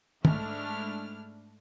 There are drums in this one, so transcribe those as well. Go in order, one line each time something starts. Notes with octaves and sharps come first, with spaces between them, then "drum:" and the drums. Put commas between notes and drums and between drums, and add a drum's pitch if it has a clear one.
G#2 A3 D4 E4 F6, drum: tom